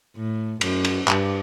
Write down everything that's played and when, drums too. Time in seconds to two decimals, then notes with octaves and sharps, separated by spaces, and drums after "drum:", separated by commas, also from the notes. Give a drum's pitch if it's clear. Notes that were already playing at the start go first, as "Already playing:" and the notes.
0.16 A2
0.61 F#2, drum: cymbal
0.85 drum: cymbal
1.08 G2, drum: clap